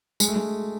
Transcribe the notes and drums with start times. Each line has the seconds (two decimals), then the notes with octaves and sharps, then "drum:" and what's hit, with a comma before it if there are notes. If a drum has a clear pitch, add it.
0.20 G#3, drum: tambourine
0.28 A3
0.36 G#3